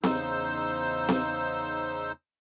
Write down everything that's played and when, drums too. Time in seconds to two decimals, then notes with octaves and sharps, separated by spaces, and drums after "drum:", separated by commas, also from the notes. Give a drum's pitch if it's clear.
0.03 E2 C#3 D#4 C5 E6 G6, drum: snare C4
1.09 drum: snare C4